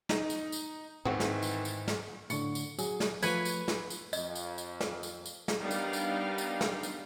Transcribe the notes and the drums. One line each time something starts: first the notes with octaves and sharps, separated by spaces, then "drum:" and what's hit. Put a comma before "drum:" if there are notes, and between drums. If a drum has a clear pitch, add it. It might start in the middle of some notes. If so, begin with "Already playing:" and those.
D#4, drum: snare
drum: tambourine
drum: tambourine
G#2 D#3 E3 C4 F#4
drum: snare
drum: tambourine
drum: tambourine
drum: snare
A2 D3 C#6 C#7, drum: tambourine
drum: tambourine
F#3 G#4, drum: tambourine
drum: snare
F3 A3 B4 C#5 G#5 G#6, drum: tambourine
drum: tambourine
drum: snare
drum: tambourine
F2 D#5, drum: tambourine
drum: tambourine
drum: tambourine
drum: snare
drum: tambourine
drum: tambourine
drum: snare
G3 B3 D4 D#4 A#4 F5
drum: tambourine
drum: tambourine
drum: tambourine
drum: snare
drum: tambourine